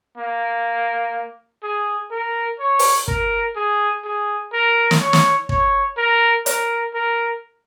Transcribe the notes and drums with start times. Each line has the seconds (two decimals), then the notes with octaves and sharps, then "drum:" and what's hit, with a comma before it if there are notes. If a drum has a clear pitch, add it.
0.18 A#3
1.63 G#4
2.11 A#4
2.60 C#5
2.79 drum: open hi-hat
3.08 A#4, drum: kick
3.56 G#4
4.04 G#4
4.53 A#4
4.91 drum: snare
5.00 C#5
5.13 drum: snare
5.49 C#5, drum: kick
5.97 A#4
6.46 A#4, drum: hi-hat
6.94 A#4